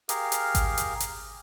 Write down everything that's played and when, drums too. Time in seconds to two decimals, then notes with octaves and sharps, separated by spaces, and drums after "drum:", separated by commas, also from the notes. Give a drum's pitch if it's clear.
0.09 G4 G#4 A#4 F5, drum: hi-hat
0.32 drum: hi-hat
0.55 drum: kick G#1, hi-hat
0.78 drum: hi-hat
1.00 drum: hi-hat